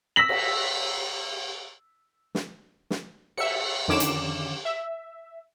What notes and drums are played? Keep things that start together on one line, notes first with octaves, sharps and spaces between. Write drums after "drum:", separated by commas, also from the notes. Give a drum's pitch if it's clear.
E6 A#6 B6 F#7
drum: cymbal
drum: snare
drum: snare
E5 C#7, drum: cymbal
F2 D3 D#3 C#4 D6 E7
drum: hi-hat
E5